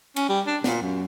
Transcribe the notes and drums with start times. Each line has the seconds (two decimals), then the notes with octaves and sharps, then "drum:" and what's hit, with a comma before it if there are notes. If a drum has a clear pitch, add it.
0.16 C#4, drum: cymbal
0.29 G3
0.47 D4
0.64 A#2, drum: snare
0.82 F#2